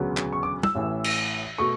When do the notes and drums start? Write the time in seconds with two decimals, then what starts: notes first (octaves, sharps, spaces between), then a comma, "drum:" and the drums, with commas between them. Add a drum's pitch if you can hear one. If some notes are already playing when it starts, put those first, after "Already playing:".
Already playing: E1 D2 C#3 F#3 B3
0.17 drum: clap
0.33 C#6
0.43 D6
0.63 E6, drum: tom
0.75 A1 A2 E3
1.04 drum: cymbal
1.58 B2 A3 C#6